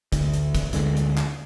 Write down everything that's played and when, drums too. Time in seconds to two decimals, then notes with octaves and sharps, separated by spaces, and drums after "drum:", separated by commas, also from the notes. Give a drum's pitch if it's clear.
0.12 D2, drum: kick, hi-hat
0.34 drum: hi-hat
0.55 drum: kick, hi-hat
0.73 D2 D3 G#3, drum: hi-hat
0.97 drum: hi-hat
1.18 drum: clap